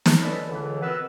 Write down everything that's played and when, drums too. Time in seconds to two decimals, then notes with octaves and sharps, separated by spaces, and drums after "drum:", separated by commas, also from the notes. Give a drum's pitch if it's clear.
0.06 drum: snare
0.23 C#4 D4 A4 B4 D#5 B5
0.48 C#2 D3 E3
0.82 B2 B3 C4 A#4 B4 E6